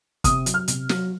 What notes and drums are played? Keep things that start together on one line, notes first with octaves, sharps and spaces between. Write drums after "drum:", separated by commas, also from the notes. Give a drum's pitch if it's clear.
C3 D#6, drum: kick, hi-hat
F#3, drum: hi-hat
F6
C3, drum: hi-hat
F#3, drum: snare